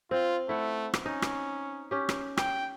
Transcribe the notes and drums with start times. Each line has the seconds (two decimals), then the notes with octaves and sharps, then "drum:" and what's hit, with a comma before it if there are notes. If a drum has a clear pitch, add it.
0.11 C4 F4
0.49 A3 E4 F#5
0.94 drum: rim click
1.06 C#4 D#4
1.22 drum: rim click
1.91 C#4 G4
2.09 drum: rim click
2.37 G5, drum: rim click